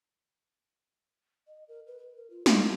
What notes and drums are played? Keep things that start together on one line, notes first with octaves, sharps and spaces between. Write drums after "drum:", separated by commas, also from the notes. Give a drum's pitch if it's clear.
D#5
A#4
B4
B4
A#4
F4
D5, drum: snare
A#3